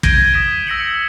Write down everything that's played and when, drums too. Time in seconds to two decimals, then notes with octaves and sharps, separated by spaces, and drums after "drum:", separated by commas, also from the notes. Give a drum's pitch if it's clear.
0.03 G6 G#6 A#6 D7 D#7 G7, drum: kick
0.33 D#6 B6 E7
0.67 E6 A#6 C#7 F#7